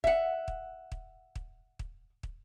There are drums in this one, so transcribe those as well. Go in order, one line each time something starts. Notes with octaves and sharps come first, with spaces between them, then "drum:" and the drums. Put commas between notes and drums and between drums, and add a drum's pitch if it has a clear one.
E5 F#5, drum: kick
drum: kick
drum: kick
drum: kick
drum: kick
drum: kick